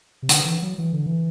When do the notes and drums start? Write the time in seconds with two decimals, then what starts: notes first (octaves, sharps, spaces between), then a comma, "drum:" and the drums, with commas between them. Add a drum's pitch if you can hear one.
0.22 C3
0.29 D3, drum: hi-hat
0.45 E3
0.62 F#3
0.78 E3
0.93 D3
1.06 E3